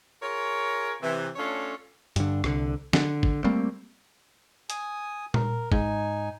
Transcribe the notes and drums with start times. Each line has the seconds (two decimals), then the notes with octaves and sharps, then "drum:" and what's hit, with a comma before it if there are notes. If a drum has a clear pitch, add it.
0.22 F4 G#4 A#4 C#5
1.01 C3 E3
1.36 A3 C#4 D4 F4 A4 C#5
2.16 G2 D3, drum: hi-hat
2.44 C2 D3, drum: rim click
2.93 D3, drum: snare
3.23 drum: kick
3.44 G3 A3 A#3 C4
4.70 G#5 D#6, drum: hi-hat
5.34 A#4, drum: tom A#2
5.72 G#2 D#4 G#5, drum: kick